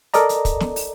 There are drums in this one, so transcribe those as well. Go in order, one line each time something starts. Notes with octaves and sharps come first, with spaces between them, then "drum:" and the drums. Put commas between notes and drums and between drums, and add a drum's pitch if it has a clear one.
A4 A#4 D5 D#5 A#5, drum: hi-hat
drum: hi-hat
drum: kick, hi-hat
drum: snare
drum: open hi-hat